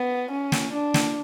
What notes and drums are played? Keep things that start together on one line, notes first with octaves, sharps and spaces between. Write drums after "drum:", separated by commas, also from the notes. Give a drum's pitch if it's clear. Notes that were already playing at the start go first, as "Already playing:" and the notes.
Already playing: B3
C#4
drum: snare
D4
drum: snare